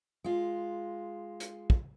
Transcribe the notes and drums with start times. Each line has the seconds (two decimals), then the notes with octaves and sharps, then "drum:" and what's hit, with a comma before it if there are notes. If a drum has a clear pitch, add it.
0.24 G#3 F4
1.40 drum: hi-hat
1.70 drum: kick